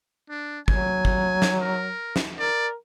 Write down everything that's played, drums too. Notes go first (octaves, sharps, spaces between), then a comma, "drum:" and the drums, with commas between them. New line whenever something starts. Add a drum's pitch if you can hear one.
D4
F#3 G#5, drum: kick
drum: kick
drum: snare
A#4
drum: snare
A#4 D5